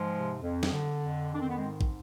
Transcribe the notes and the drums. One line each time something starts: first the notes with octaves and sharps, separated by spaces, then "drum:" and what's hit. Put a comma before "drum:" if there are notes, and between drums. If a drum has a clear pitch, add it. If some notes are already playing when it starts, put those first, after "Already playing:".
Already playing: G#2 F3 G#3
C3
F2
drum: snare
D3
F2
D#3 D4
C4
B3
G#3 C4
G#2
drum: kick